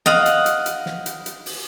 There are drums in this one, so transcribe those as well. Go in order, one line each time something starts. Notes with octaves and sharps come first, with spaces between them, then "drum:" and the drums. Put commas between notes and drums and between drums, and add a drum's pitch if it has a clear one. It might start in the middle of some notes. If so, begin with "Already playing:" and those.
D#5 F5 F#5, drum: snare
drum: hi-hat
drum: hi-hat
drum: hi-hat
drum: snare
drum: hi-hat
drum: hi-hat
drum: open hi-hat